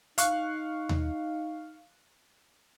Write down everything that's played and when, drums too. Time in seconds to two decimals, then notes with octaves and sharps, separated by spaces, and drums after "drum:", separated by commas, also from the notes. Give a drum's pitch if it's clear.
0.18 D#4 F5 C#6 F#6, drum: hi-hat
0.89 drum: tom D#2